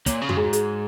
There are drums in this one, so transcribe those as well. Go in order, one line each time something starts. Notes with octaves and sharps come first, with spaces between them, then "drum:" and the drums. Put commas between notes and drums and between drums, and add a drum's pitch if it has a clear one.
A#2 C#5, drum: kick, hi-hat
C#3
F#4, drum: tom F2
G#2 G#4
F#4
G#4, drum: hi-hat